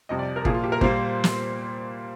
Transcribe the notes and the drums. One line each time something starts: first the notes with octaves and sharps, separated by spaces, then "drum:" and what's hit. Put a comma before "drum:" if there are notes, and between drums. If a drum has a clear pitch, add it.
F2 C3 G3 D#5
D5
A#4
A#2 F3 A#3 G#4, drum: kick
F4
G4
A#4
A#2 G3 A#3 C5, drum: kick
drum: snare